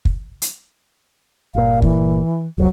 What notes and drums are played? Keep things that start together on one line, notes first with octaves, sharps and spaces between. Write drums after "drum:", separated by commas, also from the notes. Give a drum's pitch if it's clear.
drum: kick
drum: hi-hat
G1 A#2 F5
E3, drum: kick
F1 C2 F#3